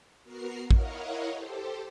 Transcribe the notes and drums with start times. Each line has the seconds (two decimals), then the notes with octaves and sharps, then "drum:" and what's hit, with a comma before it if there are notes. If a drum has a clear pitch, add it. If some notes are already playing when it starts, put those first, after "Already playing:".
0.24 B3 F#4 A#4 F6 C7
0.71 E4 A#4 C#5 D#5 F5 F#5, drum: kick
1.32 G4 A4 C5